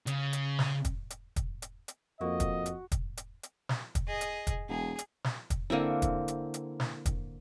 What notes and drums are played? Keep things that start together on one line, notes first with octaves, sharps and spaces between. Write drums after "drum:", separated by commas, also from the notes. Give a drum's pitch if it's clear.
C#3, drum: hi-hat
drum: hi-hat
drum: snare
drum: kick, hi-hat
drum: hi-hat
drum: kick, hi-hat
drum: hi-hat
drum: hi-hat
F2 A#3 F#4 D#5
drum: kick, hi-hat
drum: hi-hat
drum: kick, hi-hat
drum: hi-hat
drum: hi-hat
drum: snare
drum: kick, hi-hat
G#4 D#5
drum: hi-hat
drum: kick, hi-hat
E1 G#4
drum: hi-hat
drum: snare
drum: kick, hi-hat
D3 A#3 C4 E4
drum: kick, hi-hat
drum: hi-hat
drum: hi-hat
drum: snare
drum: kick, hi-hat